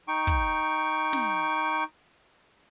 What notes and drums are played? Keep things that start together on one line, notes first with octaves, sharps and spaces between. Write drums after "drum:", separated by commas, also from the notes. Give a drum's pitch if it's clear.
D#4 G5 C#6
drum: kick
drum: snare